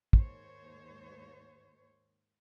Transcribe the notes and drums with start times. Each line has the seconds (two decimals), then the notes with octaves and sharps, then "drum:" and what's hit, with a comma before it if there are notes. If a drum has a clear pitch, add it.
0.13 D#2 G#2 C5 C#5, drum: kick